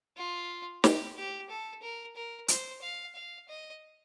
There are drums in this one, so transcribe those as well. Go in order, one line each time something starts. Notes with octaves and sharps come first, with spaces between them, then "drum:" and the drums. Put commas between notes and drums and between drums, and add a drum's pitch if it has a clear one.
F4
G4, drum: snare
G4
A4
A#4
A#4
C5, drum: hi-hat
F5
F5
D#5